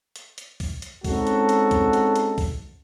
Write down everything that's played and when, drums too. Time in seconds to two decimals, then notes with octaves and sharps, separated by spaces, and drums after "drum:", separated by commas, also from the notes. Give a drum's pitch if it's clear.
0.16 drum: hi-hat
0.38 drum: hi-hat
0.60 drum: kick, open hi-hat
0.82 drum: hi-hat
1.04 G#3 C4 C#4 D#4 F#4 A4, drum: kick, open hi-hat
1.27 drum: hi-hat
1.49 drum: hi-hat
1.71 drum: kick, hi-hat
1.93 drum: hi-hat
2.16 drum: hi-hat
2.38 drum: kick, open hi-hat